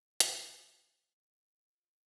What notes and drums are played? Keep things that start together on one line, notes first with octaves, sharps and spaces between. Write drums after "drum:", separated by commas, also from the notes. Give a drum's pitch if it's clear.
F#3 A3 B5, drum: hi-hat
F4 C#5